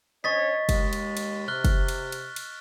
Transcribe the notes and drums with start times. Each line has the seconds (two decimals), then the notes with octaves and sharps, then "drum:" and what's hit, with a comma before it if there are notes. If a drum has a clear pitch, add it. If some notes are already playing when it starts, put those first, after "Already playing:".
0.24 C#4 D4 C#5 D#5 C#6 A6 B6
0.69 D#2 G#3, drum: kick, cymbal
0.93 drum: cymbal
1.17 drum: cymbal
1.48 C3 F6 F#6 G7
1.65 drum: kick, cymbal
1.88 drum: cymbal
2.12 drum: cymbal
2.36 drum: cymbal